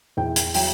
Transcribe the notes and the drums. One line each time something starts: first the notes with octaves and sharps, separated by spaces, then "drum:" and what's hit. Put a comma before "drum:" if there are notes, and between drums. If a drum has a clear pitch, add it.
E2 G5
drum: hi-hat
F#3 G5, drum: open hi-hat